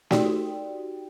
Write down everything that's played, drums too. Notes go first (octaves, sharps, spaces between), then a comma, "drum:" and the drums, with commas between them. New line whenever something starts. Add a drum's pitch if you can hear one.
D#4 F#4 G4 D5 G5, drum: snare